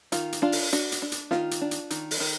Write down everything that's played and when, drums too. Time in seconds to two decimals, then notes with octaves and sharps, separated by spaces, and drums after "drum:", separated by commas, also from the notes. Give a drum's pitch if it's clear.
0.12 D#3 F4, drum: hi-hat
0.32 drum: hi-hat
0.42 D4 F4
0.52 drum: open hi-hat
0.72 D4 F#4, drum: hi-hat
0.92 drum: hi-hat
1.02 D4
1.12 drum: hi-hat
1.31 D#3 F4, drum: snare
1.51 drum: hi-hat
1.61 D4
1.71 drum: hi-hat
1.90 D#3, drum: hi-hat
2.11 drum: open hi-hat
2.20 D#3